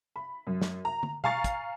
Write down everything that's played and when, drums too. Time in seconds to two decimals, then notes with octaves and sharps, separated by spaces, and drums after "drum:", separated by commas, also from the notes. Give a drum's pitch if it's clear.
0.16 B5
0.47 F#2
0.62 drum: snare
0.85 A#5
1.03 drum: tom
1.24 F5 G#5 A#5 C#6 A6, drum: tom B2
1.44 drum: kick, hi-hat